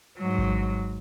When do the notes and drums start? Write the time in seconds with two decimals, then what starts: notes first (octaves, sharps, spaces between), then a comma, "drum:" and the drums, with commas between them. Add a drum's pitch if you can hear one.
0.18 G#2 F#3
0.38 drum: kick A1